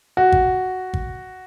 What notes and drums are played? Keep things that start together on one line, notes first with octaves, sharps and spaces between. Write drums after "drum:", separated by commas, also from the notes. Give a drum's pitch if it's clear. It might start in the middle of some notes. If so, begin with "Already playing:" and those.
F#4
drum: kick
drum: kick